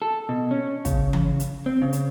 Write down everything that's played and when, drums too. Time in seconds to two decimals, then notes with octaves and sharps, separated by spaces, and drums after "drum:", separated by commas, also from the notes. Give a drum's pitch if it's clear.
0.02 A4
0.29 B2
0.51 C#4
0.85 C#3, drum: kick, hi-hat
1.13 drum: tom E3
1.40 drum: hi-hat
1.66 C4
1.82 C#3
1.93 drum: hi-hat